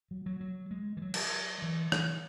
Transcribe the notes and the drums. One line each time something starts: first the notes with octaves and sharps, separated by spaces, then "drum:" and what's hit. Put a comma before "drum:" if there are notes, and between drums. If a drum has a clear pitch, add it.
F#3
F#3
F#3
G#3
E3
F#3
drum: cymbal
E3
E3, drum: rim click